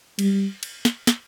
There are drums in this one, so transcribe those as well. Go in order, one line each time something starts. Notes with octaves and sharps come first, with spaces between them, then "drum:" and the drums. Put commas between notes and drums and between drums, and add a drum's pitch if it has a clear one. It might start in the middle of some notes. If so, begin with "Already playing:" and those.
G3, drum: cymbal
drum: cymbal
drum: snare
drum: snare